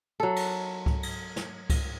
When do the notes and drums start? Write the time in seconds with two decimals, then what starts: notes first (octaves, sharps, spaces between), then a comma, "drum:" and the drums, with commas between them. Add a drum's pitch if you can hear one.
0.20 F#3 A4
0.36 drum: cymbal
0.86 drum: kick C#2
1.03 drum: cymbal
1.36 drum: snare
1.70 drum: kick C#2, cymbal